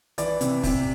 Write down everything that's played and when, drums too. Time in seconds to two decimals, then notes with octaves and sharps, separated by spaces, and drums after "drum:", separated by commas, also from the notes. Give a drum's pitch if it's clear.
0.18 E3 D5, drum: hi-hat
0.41 C3, drum: hi-hat
0.63 C3, drum: kick, open hi-hat